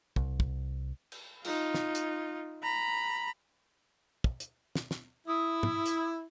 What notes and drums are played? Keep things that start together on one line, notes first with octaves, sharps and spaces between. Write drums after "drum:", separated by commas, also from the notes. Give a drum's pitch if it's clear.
C2, drum: kick
drum: kick
drum: cymbal
D#4 F4, drum: cymbal
drum: snare
drum: hi-hat
A#5 B5
drum: kick
drum: hi-hat
drum: snare
drum: snare
E4 D#6
drum: tom
drum: hi-hat